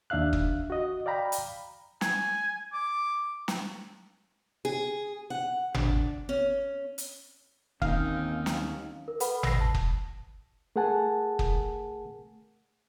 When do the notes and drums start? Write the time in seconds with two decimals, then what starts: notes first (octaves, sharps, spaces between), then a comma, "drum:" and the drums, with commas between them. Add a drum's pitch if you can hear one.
0.10 D#2 D4 E5 F5 F#6
0.33 drum: kick
0.70 F#4 D#5
1.06 D5 F5 G5 A#5 B5
1.32 drum: hi-hat
2.01 G#5, drum: snare
2.73 D6
3.48 drum: snare
4.65 G#4
5.30 F#5
5.74 D4, drum: tom G#1
6.29 C#4
6.98 drum: hi-hat
7.82 D#2 D3 D#3 A#3 C4 C#4 D#4 F5, drum: kick
8.46 drum: snare
9.08 A#4
9.20 A4 B4 F#5 B5, drum: hi-hat
9.43 E6 A#6 C7, drum: tom G#1
9.61 A5
9.75 drum: kick
10.76 A3 G#4 A#4 F#5 G#5 A5
11.39 drum: kick